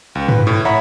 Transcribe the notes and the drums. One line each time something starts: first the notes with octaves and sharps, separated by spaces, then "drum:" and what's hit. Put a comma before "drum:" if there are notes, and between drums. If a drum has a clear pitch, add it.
C#2
B4, drum: tom
A2
C#5 E5 F#5 A#5 B5 B6